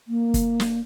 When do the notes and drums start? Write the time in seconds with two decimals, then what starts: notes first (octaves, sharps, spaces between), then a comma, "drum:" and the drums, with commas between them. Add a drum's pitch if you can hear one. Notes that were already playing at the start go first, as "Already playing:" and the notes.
0.08 A#3
0.34 drum: kick, hi-hat
0.60 drum: snare